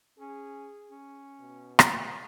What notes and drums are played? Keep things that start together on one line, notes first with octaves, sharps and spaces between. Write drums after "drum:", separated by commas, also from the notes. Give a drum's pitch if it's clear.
C#4 G#4
C#4
B2
drum: rim click